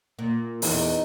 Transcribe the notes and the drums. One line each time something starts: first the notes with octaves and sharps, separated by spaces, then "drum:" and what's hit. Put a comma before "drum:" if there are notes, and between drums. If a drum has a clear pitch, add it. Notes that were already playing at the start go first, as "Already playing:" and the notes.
A#2
E2 D#4, drum: open hi-hat